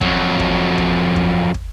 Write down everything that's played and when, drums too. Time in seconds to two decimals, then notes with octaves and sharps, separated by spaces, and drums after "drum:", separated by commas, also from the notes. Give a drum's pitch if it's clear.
0.01 F2 F#3, drum: kick
0.39 drum: kick
0.78 drum: kick
1.16 drum: kick
1.54 drum: kick